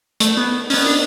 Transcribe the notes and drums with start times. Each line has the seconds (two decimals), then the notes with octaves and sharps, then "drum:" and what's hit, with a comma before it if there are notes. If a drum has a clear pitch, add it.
0.20 A3, drum: hi-hat
0.37 B3
0.70 C#4, drum: open hi-hat
0.74 B3
0.86 D4